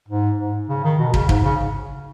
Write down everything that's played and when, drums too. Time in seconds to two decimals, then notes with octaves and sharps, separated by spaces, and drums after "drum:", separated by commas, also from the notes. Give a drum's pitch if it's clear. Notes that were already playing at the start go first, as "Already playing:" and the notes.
0.08 G#2
0.38 G#2
0.69 C#3
0.84 D#3
0.99 B2
1.14 C#3, drum: kick
1.29 G#2, drum: kick
1.44 C#3